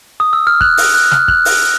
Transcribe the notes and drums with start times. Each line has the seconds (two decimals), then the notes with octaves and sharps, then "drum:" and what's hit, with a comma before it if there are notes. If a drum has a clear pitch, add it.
0.20 D#6
0.33 E6
0.47 F6
0.61 F#6, drum: kick
0.77 drum: open hi-hat
0.95 F#6
1.11 F6, drum: snare
1.28 F#6, drum: kick
1.45 drum: open hi-hat